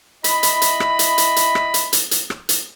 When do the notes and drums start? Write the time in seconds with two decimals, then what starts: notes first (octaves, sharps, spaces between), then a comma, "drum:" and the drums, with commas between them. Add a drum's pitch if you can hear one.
0.24 E4 D#5 B5, drum: hi-hat
0.43 drum: hi-hat
0.62 drum: hi-hat
0.80 drum: rim click
0.99 drum: hi-hat
1.18 drum: hi-hat
1.36 drum: hi-hat
1.55 drum: rim click
1.74 drum: hi-hat
1.93 drum: hi-hat
2.11 drum: hi-hat
2.30 drum: rim click
2.49 drum: hi-hat